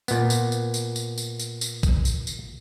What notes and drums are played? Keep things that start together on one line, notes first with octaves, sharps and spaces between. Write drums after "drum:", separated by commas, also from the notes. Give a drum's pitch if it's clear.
A#2 B3, drum: tambourine
drum: tambourine
drum: tambourine
drum: tambourine
drum: tambourine
drum: tambourine
drum: tambourine
drum: tambourine
drum: kick A1, tambourine
drum: tambourine
drum: tambourine